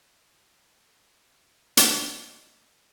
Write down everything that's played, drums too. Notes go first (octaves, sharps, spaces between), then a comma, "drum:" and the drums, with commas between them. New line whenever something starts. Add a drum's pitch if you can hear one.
D5 D#5 A5, drum: hi-hat